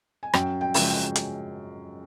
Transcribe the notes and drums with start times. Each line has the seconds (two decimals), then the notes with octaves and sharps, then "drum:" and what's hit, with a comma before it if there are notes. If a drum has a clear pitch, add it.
0.23 G#5
0.34 F#2 G5, drum: rim click
0.61 G5
0.74 C#3 F3 G#3, drum: open hi-hat
0.88 G5
1.16 drum: hi-hat